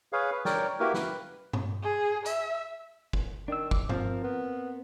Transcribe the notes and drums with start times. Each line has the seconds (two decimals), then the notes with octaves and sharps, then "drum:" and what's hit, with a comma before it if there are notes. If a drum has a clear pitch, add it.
0.13 G#4 B4 C#5 F5
0.32 B4
0.45 A#4 C#5 D5 G5, drum: snare
0.80 A#3 E4 F#4 G4 A#4 B4
0.94 B4, drum: snare
1.53 drum: tom G2
1.83 G#4
2.26 E5, drum: hi-hat
3.13 drum: kick
3.48 D#3 D4 E6
3.71 D6, drum: kick
3.89 F3 C4 A#4, drum: tom G2
4.24 B3